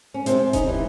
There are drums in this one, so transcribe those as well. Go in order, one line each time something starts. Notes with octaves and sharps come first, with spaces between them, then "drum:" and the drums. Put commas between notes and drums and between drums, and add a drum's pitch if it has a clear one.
C#4
C3 C4 D4, drum: hi-hat
C#4 D#4, drum: kick D#1, hi-hat
E3 G3